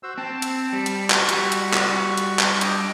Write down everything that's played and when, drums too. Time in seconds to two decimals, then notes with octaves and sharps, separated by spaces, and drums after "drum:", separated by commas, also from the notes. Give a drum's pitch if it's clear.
0.03 F#4 C5 E6
0.18 C4 A5
0.42 drum: hi-hat
0.73 G3
0.86 drum: hi-hat
1.10 F#4 C#6, drum: clap
1.29 G3, drum: hi-hat
1.52 drum: hi-hat
1.74 drum: clap
2.17 drum: hi-hat
2.39 drum: clap
2.61 D4 D#5 G5, drum: hi-hat